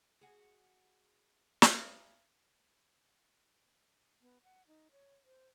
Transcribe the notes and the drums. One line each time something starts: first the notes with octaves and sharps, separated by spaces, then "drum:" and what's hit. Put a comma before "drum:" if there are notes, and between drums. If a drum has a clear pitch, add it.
F#4 G#4
drum: snare
B3
F#5
D#4
C#5
C5